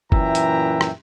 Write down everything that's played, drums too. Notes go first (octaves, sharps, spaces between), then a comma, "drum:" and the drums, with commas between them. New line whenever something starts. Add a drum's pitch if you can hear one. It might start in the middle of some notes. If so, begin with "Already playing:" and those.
F#2 A#2 E3 E5 G5 A#5, drum: kick F#1
drum: hi-hat
drum: rim click